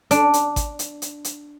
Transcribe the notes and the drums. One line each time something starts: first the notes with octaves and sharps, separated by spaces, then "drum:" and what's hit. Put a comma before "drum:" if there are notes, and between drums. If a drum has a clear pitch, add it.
D4, drum: hi-hat
drum: hi-hat
drum: kick G#1, hi-hat
drum: hi-hat
drum: hi-hat
drum: hi-hat